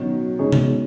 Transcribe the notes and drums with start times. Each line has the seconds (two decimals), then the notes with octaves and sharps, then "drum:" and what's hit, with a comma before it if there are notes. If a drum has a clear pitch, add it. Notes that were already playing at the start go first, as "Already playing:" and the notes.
Already playing: B2 D#3 F#3 C#4 F#4 C#5
0.39 C#3 G#3 D#4 G#4 C#5
0.52 B2, drum: tom C3